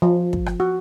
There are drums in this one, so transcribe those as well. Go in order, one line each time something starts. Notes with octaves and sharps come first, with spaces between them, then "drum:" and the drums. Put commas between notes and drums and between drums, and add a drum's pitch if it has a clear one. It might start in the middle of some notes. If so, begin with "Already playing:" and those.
F3
drum: kick
drum: rim click
F#4